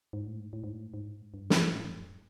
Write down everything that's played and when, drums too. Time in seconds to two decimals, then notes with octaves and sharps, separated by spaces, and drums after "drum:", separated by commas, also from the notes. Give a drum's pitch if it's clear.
0.13 G#2
0.27 A2
0.39 G#2
0.53 A2
0.64 G#2
0.72 A2
0.94 G#2
1.34 G2
1.50 drum: snare
1.73 A2
1.90 F2
1.98 F#2